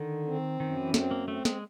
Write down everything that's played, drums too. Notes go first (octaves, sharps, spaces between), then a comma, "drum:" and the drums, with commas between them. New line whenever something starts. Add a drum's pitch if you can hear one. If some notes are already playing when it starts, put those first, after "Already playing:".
Already playing: D3 D#3
C4
F#2 D#3
E3
C4, drum: snare
A#3
A3 C4
G#3, drum: snare